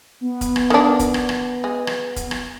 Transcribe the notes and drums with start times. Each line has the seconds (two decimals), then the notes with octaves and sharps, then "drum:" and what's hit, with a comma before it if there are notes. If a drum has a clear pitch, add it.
0.21 B3
0.41 drum: kick, hi-hat
0.56 drum: rim click
0.70 D#3 D4, drum: rim click
1.00 drum: kick, hi-hat
1.14 drum: rim click
1.29 drum: rim click
1.64 G#3
1.87 drum: rim click
2.16 drum: kick, hi-hat
2.31 drum: rim click